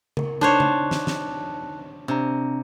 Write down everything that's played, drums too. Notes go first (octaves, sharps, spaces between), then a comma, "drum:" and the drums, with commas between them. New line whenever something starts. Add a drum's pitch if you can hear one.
A#4, drum: tom C#3
D4 D#4 C5 C#5 A5 F#6
drum: tom C#3
drum: snare
drum: snare
C3 C4 D4 A#5